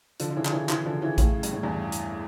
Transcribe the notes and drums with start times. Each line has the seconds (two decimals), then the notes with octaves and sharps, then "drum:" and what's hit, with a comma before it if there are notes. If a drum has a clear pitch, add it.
0.20 D3 F3, drum: hi-hat
0.30 D3
0.36 C#3 E3
0.45 D3, drum: clap
0.52 C#3 E3
0.69 C#3 E3, drum: clap
0.85 D3 F3
1.02 C#3 E3
1.18 A2 C#3, drum: kick A1, hi-hat
1.43 G2, drum: hi-hat
1.53 A2
1.63 E2 G2
1.92 drum: hi-hat